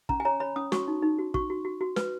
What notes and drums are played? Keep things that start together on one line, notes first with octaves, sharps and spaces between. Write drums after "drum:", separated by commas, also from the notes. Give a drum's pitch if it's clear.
C#4 A#5, drum: kick
G#5
C#5 A#5
C#5 B5
C#4 D#6
F#4 C#6, drum: snare
D#4
D#4
F#4
F#4 C#6, drum: kick
F#4
F#4
F#4
B4, drum: snare